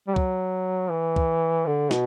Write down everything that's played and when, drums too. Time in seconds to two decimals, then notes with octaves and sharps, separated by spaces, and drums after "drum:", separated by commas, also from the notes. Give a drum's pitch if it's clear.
0.07 G3
0.16 F#3, drum: kick
0.91 E3
1.16 drum: kick
1.66 D3
1.91 B2, drum: snare